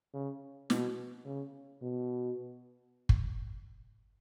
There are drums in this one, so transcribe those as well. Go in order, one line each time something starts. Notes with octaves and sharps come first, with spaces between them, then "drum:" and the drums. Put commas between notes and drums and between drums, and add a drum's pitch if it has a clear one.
C#3
B2, drum: snare
C#3
B2
drum: kick